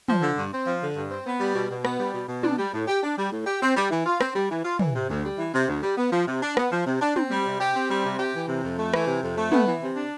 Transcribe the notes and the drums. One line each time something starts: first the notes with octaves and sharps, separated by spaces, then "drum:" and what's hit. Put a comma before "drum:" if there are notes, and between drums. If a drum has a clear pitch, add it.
F3, drum: tom
D3
G2
C4
F3
D3
G2
C4
B3
G3
B2
B2
B3, drum: rim click
G3
B2
B2
D4, drum: tom
G3
A2
G4
D4
G3
A2
G4
C4
G3
E3
F4
C4, drum: rim click
G3
E3
F4
E3, drum: tom
C3
D2
G3
E3
C3
D2
G3
B3
F3
C3
D4
B3, drum: rim click
F3
C3
D4
C4, drum: tom
G3
C3
G4
C4
G3
C3
G4
E3
C3
F2
A3
E3, drum: rim click
C3
F2
A3
B3, drum: tom
E3
C3
D4